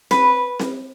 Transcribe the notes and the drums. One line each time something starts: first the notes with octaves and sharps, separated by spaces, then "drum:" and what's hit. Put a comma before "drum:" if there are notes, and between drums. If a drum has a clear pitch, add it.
B4, drum: snare C4
drum: snare C4